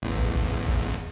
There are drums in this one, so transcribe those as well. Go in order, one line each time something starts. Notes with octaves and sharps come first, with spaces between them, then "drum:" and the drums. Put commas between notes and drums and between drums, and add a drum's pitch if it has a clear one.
A1 E2
drum: kick
drum: kick
drum: kick